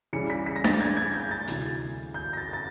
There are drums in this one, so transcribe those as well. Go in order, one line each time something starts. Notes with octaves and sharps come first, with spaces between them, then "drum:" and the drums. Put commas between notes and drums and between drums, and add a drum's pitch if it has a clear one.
C#3 E3 G3 C#7
B6
B6
A#6
A6, drum: snare D4
G#6
G#6
G6
A6
D2 C3 E3, drum: hi-hat
G6
A#6
A6
A6